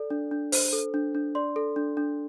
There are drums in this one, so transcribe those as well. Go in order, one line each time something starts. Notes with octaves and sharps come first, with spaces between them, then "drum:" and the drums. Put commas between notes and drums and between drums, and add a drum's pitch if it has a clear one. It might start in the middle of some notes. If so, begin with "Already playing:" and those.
Already playing: A4 D5
D4
D4
C5, drum: open hi-hat
A4
D4
D4
D5 C6
A4
D4
D4